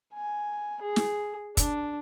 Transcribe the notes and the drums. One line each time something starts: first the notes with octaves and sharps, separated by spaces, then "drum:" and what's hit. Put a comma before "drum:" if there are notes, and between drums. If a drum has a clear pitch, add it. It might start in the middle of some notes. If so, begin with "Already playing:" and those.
G#5
G#4
drum: snare
D4, drum: kick, hi-hat